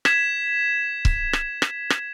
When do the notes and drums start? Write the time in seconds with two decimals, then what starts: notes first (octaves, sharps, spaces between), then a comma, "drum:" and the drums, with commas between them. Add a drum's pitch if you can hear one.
0.05 G#6 B6 E7, drum: rim click
1.05 drum: kick
1.33 drum: rim click
1.62 drum: rim click
1.90 drum: rim click